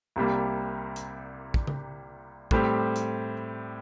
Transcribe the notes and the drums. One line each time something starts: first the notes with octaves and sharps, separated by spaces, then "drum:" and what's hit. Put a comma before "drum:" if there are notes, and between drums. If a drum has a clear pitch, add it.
C2 C3 G3 A#3
drum: hi-hat
drum: kick
drum: tom C#3
A2 G3 C4 G4, drum: kick
drum: hi-hat